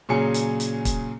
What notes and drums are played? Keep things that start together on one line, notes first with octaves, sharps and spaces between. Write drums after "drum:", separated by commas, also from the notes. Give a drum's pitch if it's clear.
A#2 C#3 F#3 G#4 G#5 C#7
drum: hi-hat
drum: hi-hat
drum: kick, hi-hat